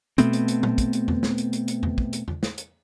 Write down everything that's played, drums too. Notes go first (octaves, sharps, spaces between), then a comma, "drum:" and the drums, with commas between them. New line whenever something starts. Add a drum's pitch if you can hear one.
B2 A3 B3 C4, drum: hi-hat
drum: hi-hat
drum: hi-hat
drum: tom
drum: kick, hi-hat
drum: hi-hat
drum: tom E2
drum: snare
drum: hi-hat
drum: hi-hat
drum: hi-hat
drum: tom E2
drum: kick
drum: hi-hat
drum: tom E2
drum: snare
drum: hi-hat